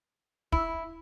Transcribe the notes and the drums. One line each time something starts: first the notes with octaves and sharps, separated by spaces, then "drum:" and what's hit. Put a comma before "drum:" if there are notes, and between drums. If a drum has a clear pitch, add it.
E4, drum: kick